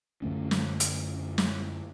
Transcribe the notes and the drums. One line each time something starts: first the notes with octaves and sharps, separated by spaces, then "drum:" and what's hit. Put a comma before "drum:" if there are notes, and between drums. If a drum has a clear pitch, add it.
F#2 D3 A3 C#4
drum: snare
drum: hi-hat
drum: snare